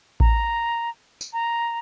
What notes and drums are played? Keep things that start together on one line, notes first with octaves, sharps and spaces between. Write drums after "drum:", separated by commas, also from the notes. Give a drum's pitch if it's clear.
A#5, drum: kick A1
drum: tambourine
A#5